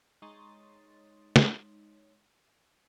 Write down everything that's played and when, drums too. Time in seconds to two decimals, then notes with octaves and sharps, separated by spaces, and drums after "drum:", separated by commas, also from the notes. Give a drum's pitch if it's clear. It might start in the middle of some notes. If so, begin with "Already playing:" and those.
0.22 G#3 D#4 C#5 C6 D#6 A6
1.36 drum: snare